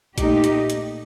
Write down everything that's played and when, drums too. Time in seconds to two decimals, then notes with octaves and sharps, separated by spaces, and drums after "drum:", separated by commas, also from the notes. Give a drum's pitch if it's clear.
0.18 A#2 A3 D#4 G4, drum: kick A#1, hi-hat
0.44 drum: hi-hat
0.70 drum: hi-hat